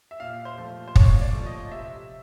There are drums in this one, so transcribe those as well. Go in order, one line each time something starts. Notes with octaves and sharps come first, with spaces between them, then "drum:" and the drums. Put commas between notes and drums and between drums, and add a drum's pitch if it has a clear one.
E5
A#2 F5
C5
F3 A3
C5
A#2 C#5, drum: kick
D5
F3 A3
D#5
C3 E5